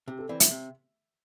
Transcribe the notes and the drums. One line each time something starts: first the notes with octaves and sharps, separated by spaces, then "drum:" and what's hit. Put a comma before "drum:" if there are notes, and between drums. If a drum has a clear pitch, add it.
C3 G4
A4
E3 C4 D5
E5, drum: hi-hat
C3